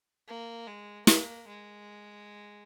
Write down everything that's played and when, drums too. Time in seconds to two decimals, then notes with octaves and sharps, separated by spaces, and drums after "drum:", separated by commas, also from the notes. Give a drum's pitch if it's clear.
0.28 A#3
0.67 G#3
1.07 A#3, drum: snare
1.48 G#3